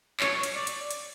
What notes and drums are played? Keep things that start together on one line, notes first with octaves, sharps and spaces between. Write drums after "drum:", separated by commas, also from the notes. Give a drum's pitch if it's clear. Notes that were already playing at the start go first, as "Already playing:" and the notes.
C#5, drum: clap
drum: hi-hat
D5
drum: hi-hat
drum: hi-hat